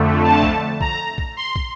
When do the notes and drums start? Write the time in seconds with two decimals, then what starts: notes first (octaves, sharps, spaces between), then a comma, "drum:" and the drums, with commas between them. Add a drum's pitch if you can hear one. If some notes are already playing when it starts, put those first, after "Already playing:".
Already playing: F2 D3 A3
0.24 A5
0.43 drum: kick
0.81 A#5, drum: kick
1.18 drum: kick
1.37 C6
1.56 drum: kick